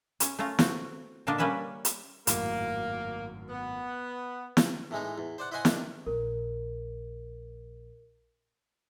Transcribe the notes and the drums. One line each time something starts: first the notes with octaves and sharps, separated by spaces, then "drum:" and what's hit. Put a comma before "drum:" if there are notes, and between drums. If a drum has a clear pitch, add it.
C#4, drum: hi-hat
A3 C#4 F4 A#5
C4 F#4, drum: snare
A#2 D3 A#3 D4 D#5
G3 A#3 C#4 B4 C#5 E5
drum: hi-hat
G#1 F#2 A2 A#3, drum: hi-hat
B3
drum: snare
A2 E3 G#3 D#4
E2
C5 D5 F#5
E4 C5 D#5 F#5 G#5 C6
D#3 A3 D4, drum: snare
A#1 A#4